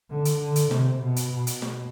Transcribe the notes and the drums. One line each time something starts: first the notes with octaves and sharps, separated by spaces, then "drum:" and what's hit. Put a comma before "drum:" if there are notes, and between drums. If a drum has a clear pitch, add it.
D3
drum: hi-hat
D3
drum: hi-hat
C3, drum: snare
B2
drum: hi-hat
B2
drum: hi-hat
drum: snare